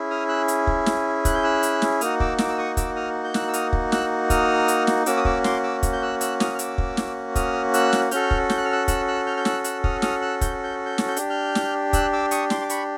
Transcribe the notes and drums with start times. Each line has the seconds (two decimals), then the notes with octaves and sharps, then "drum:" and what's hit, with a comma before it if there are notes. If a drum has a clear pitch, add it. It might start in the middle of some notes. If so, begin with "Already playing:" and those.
Already playing: C#4 E4 G#4
0.10 D#6 F6
0.28 E6 F#6
0.48 drum: hi-hat
0.67 drum: kick
0.86 drum: snare
1.25 F#6, drum: kick, hi-hat
1.34 G6
1.44 E6 F#6
1.63 drum: hi-hat
1.82 drum: snare
2.01 A#3 D#4 F#4 D#6 F6, drum: hi-hat
2.20 D6 E6, drum: kick
2.38 D6 E6, drum: snare
2.49 E6
2.58 C#6 D#6
2.77 D6 E6, drum: kick, hi-hat
2.96 D#6 F6
3.24 G6
3.34 E6 F#6, drum: snare
3.48 E6
3.53 D#6 F6, drum: hi-hat
3.73 drum: kick
3.92 E6 F#6, drum: snare
4.30 D#6 F6, drum: kick, hi-hat
4.68 drum: hi-hat
4.87 drum: snare
5.06 A#3 C#4 F#4 D6 E6, drum: hi-hat
5.17 D#6
5.25 D6 E6, drum: kick
5.44 C6 D6, drum: snare
5.63 D6 E6
5.83 drum: kick, hi-hat
5.93 G6
6.02 E6 F#6
6.21 E6 F#6, drum: hi-hat
6.40 D#6 F6, drum: snare
6.55 F6
6.59 D6 E6, drum: hi-hat
6.78 drum: kick
6.97 drum: snare
7.35 D#6 F6, drum: kick, hi-hat
7.74 E6 F#6, drum: hi-hat
7.93 drum: snare
8.11 C#4 F#4 A4 F6 G6, drum: hi-hat
8.31 drum: kick
8.50 G6, drum: snare
8.57 F#6
8.65 F6
8.72 E6 F#6
8.88 E6 F#6, drum: kick, hi-hat
9.08 E6 F#6
9.26 F6 G6
9.37 G6
9.45 E6 F#6, drum: snare
9.64 E6 F#6, drum: hi-hat
9.84 D#6 F6, drum: kick
10.02 D#6 F6, drum: snare
10.21 E6 F#6
10.41 G6, drum: kick, hi-hat
10.64 G6
10.86 G6
10.98 drum: snare
11.08 G6
11.17 D4 G4, drum: hi-hat
11.30 F6 G6
11.55 drum: snare
11.93 E6 F#6, drum: kick, hi-hat
12.13 D6 E6
12.31 C#6 D#6, drum: hi-hat
12.50 C6 D6, drum: snare
12.61 D6
12.70 B5 C#6, drum: hi-hat